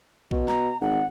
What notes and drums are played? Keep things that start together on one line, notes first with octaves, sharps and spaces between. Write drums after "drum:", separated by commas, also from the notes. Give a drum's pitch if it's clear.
B2, drum: kick A#1
A#5, drum: snare
G#1 F#5